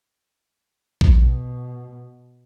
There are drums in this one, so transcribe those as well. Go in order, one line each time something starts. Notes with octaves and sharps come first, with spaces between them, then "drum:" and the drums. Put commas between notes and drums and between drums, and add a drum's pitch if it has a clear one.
drum: kick A#1
B2